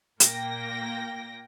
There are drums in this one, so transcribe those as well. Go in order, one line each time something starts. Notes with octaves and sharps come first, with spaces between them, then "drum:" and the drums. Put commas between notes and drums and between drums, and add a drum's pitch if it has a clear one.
A#2 A#3 G5 A#6, drum: hi-hat